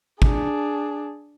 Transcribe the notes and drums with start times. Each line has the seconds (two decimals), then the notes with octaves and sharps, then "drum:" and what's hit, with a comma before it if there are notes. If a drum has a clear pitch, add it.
0.22 D4 G#4, drum: kick